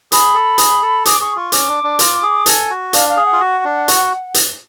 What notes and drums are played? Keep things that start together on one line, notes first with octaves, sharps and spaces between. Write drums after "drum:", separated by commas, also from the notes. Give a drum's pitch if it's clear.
G#4 B5, drum: hi-hat
A4
G#4, drum: hi-hat
A4
G#4 D6, drum: hi-hat
G#4 C#6
F4 C#6
C#4 D6, drum: hi-hat
D4
D4
F4, drum: hi-hat
G#4
A4 G#5, drum: hi-hat
F#4
D4 F5, drum: hi-hat
F5
G#4
F#5
F4
F#4
D4
F#4, drum: hi-hat
drum: hi-hat